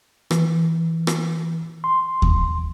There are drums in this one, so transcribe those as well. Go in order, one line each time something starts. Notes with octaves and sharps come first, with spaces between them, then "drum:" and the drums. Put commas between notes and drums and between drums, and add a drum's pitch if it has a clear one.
E3, drum: rim click
drum: rim click
C6
drum: kick D#2